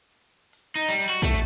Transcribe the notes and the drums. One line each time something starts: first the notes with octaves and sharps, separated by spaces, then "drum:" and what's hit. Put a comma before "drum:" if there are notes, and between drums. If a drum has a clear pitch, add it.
drum: open hi-hat
D#4
G3
F#4
A3, drum: kick, hi-hat